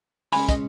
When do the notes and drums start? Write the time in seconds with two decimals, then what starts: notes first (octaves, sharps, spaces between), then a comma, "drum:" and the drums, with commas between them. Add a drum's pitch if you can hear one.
0.32 C#2 C#3 G#3 C#4 G#5 B5, drum: open hi-hat
0.49 D#5, drum: kick, hi-hat